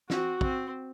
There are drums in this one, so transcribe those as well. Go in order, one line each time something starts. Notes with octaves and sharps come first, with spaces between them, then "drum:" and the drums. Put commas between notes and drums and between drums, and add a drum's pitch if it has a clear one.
C4 F#4, drum: snare
C4, drum: kick